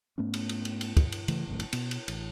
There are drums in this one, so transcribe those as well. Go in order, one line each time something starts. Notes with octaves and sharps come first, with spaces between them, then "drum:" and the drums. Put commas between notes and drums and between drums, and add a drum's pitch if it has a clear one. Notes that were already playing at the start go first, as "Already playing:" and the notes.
G#2 A3 B3 C#4
drum: cymbal
drum: cymbal
drum: cymbal
drum: cymbal
drum: kick, cymbal
drum: cymbal
C#3 E3 A3, drum: cymbal
G1 C2 F2 A2
drum: cymbal
B2 B3, drum: cymbal
drum: cymbal
A1, drum: cymbal